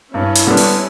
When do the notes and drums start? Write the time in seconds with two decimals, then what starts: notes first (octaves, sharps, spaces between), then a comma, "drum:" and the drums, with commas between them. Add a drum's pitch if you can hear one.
0.13 G2 C#4 E4
0.35 drum: hi-hat
0.47 D3 G3 B3 D4
0.57 drum: open hi-hat